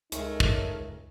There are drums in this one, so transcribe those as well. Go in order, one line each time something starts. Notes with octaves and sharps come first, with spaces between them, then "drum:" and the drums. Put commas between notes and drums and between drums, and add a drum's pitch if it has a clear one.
C#2 A3 D#4 G#4 A#4 C#5, drum: hi-hat
drum: kick